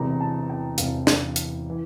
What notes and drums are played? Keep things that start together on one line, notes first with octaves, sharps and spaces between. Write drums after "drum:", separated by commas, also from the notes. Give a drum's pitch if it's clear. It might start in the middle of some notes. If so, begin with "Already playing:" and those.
Already playing: E1 E2 C3 A#5
A5
G5
E1 E2 C3 F5, drum: hi-hat
drum: snare
drum: hi-hat
E3